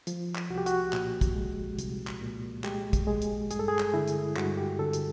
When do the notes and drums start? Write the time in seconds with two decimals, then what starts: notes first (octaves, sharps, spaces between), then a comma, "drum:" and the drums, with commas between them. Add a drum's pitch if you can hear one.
0.07 F3, drum: hi-hat
0.36 drum: clap
0.50 C2 F#4
0.58 G4
0.66 F#4, drum: hi-hat
0.93 A#2, drum: clap
1.21 drum: kick, hi-hat
1.35 G#3
1.79 C2, drum: hi-hat
2.07 drum: clap
2.21 A#2
2.64 G#3 G4, drum: clap
2.93 drum: kick, hi-hat
3.07 G#3 G#4
3.22 drum: hi-hat
3.51 G2 G#4, drum: hi-hat
3.59 A4
3.68 G#4
3.79 drum: clap
3.93 D3 E4
4.08 drum: hi-hat
4.36 G2 F#4, drum: clap
4.57 G4
4.79 D3 A4
4.93 drum: hi-hat